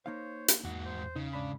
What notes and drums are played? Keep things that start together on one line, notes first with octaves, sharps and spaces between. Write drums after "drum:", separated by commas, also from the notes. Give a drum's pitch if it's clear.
A#3 D#4 C5 C#5 F5
drum: hi-hat
E2 G#2 F#4 F#6
C5
C#3 D#4
G#2 D4 B5